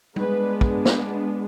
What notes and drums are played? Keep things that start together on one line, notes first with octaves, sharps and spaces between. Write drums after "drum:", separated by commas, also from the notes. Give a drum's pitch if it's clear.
G#3 B3 D4 B4, drum: tom
drum: kick
drum: snare